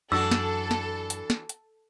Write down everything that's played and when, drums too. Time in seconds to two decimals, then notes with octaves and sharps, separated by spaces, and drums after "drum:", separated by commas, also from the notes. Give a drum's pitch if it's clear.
0.12 F#2 E3 D4 F#4 A4 E6
0.31 drum: snare
0.71 drum: snare
1.10 drum: hi-hat
1.30 drum: snare
1.49 drum: hi-hat